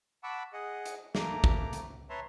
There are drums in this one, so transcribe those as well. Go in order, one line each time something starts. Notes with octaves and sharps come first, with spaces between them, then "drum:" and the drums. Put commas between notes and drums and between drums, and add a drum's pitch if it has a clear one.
F#5 A5 B5 C#6 D6 E6
G#4 D#5 F#5
drum: hi-hat
A3 A#3 A#5 D6, drum: snare
drum: kick
drum: hi-hat
B4 C#5 E5 A5 A#5 C6